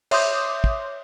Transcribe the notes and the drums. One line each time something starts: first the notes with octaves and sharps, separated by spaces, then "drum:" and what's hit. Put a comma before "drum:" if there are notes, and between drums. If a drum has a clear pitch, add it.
C#5 E5 C6 D6 D#6 G6, drum: cymbal
drum: kick